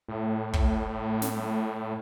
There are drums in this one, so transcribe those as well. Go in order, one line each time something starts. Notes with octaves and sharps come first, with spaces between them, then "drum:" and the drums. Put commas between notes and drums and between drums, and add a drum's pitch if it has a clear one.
A2
drum: kick
drum: snare